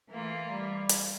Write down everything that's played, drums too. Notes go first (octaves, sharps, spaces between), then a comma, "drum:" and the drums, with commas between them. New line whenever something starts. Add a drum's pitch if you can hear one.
E3 A3 A#3 F4
G3
drum: hi-hat